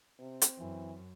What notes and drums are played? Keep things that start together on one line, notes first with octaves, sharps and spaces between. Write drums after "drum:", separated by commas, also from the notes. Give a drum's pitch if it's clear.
C3 C4
drum: hi-hat
F#2 E3